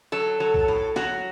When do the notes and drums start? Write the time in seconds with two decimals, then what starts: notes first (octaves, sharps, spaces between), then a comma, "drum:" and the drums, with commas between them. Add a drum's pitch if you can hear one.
0.12 F#3 A4
0.40 F#3
0.54 drum: kick
0.68 A2
0.96 F#3 F#4, drum: snare